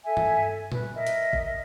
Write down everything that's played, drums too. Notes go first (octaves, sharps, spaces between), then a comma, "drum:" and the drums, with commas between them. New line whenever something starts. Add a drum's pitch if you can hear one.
A4 E5 G#5
drum: tom G2
B4, drum: tom A#2
A#4 D#5 E5
drum: hi-hat
drum: kick A1